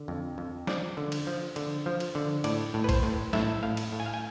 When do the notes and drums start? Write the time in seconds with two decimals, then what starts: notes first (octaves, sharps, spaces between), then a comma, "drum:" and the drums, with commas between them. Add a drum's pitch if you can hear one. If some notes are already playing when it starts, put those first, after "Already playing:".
Already playing: D3
0.08 F2
0.38 F2
0.67 F3 D5, drum: snare
0.97 D3
1.12 drum: cymbal
1.27 F3
1.56 D3, drum: cymbal
1.86 F3
2.00 drum: cymbal
2.15 D3
2.44 A2 D5, drum: cymbal
2.74 A2
2.84 B4
2.89 C5, drum: kick, cymbal
3.03 A2
3.33 A2 E5, drum: snare
3.63 A2 F5
3.77 drum: cymbal
3.92 A2
4.00 G#5
4.06 F5
4.14 G#5